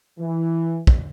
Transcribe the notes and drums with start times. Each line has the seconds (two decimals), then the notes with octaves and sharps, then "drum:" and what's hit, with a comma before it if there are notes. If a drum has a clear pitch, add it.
0.19 E3
0.87 drum: kick